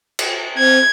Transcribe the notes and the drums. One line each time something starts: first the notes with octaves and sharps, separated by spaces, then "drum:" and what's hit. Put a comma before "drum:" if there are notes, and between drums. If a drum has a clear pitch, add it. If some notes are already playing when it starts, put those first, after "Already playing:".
drum: cymbal
C4 G#6